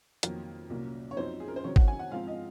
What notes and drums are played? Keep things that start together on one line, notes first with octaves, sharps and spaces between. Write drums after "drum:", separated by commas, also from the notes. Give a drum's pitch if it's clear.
F2 D#3 F#3 A#3 A#4, drum: hi-hat
C2 A#2 F#3 A#3 C#4
C#5
F#2 F3 C4 D#4 C5
G#4
A#4
C5
C3 D#3 F#3 C#5
F#5, drum: kick G#1
G#5
F#5
G#2 F3 C4 F5
D#5